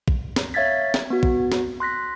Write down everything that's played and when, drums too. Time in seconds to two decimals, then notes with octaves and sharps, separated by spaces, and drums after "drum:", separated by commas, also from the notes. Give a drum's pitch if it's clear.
0.08 drum: kick
0.36 drum: snare
0.54 C#5 E5 F5 G#6 A6 B6
0.94 drum: snare
1.10 B3 F#4
1.23 drum: kick
1.52 drum: snare
1.80 C6 F#6 A#6 B6